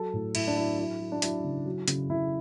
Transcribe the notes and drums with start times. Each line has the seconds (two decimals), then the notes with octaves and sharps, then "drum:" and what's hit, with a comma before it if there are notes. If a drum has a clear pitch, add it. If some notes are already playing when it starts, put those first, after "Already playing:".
Already playing: F#3 A4
0.13 A2
0.35 A2 E4, drum: cymbal
0.47 D4
0.57 F#3 E4
0.79 F#3 E4
1.00 F#3
1.12 D4
1.22 F#3 E4, drum: hi-hat
1.44 C#3
1.66 F#3
1.88 C#3, drum: hi-hat
2.10 C#3 E4